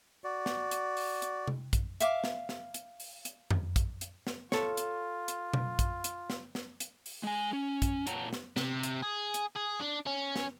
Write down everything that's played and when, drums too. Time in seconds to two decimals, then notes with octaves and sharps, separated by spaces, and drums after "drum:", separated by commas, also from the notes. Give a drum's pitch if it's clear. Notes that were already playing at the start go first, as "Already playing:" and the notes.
0.24 F#4 D5
0.46 drum: snare
0.71 drum: hi-hat
0.97 drum: open hi-hat
1.22 drum: hi-hat
1.48 drum: tom C3
1.73 drum: kick, hi-hat
2.00 E5 F5 D6, drum: hi-hat
2.24 drum: snare
2.49 drum: snare
2.74 drum: hi-hat
3.00 drum: open hi-hat
3.25 drum: hi-hat
3.51 drum: tom F2
3.76 drum: kick, hi-hat
4.01 drum: hi-hat
4.27 drum: snare
4.52 F4 A4 C#5, drum: snare
4.77 drum: hi-hat
5.28 drum: hi-hat
5.53 drum: tom B2
5.79 drum: kick, hi-hat
6.04 drum: hi-hat
6.30 drum: snare
6.55 drum: snare
6.80 drum: hi-hat
7.06 drum: open hi-hat
7.23 G#3 G#5
7.53 C#4
7.82 drum: kick, hi-hat
8.07 A#2 C#5 F#5 A5 A#5, drum: hi-hat
8.33 drum: snare
8.56 C3, drum: snare
8.83 drum: hi-hat
9.03 G#4
9.34 drum: hi-hat
9.56 G#4
9.80 D4
10.07 C#4
10.36 drum: snare